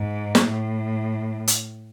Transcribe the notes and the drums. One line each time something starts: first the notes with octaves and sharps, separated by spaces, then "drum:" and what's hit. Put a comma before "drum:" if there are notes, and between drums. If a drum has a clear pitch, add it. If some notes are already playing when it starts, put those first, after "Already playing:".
Already playing: G#2
drum: snare
A2
drum: hi-hat